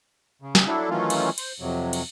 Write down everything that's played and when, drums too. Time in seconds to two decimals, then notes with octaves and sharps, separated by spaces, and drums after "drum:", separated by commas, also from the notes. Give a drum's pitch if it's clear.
0.42 C#3
0.55 drum: snare
0.67 F#3 D4 E4 A4
0.90 D#3 E3 F#3 A3 C#4 F4
1.10 drum: cymbal
1.38 C5, drum: cymbal
1.60 F2 C3 F#3
1.93 drum: cymbal